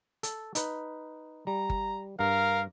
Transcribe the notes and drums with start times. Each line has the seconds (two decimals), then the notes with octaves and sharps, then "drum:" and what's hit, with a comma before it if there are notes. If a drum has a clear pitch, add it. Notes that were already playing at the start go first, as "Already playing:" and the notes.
0.23 A4, drum: hi-hat
0.55 D#4 B4, drum: hi-hat
1.47 G3 A#5
1.70 drum: kick G1
2.19 G2 A#4 F5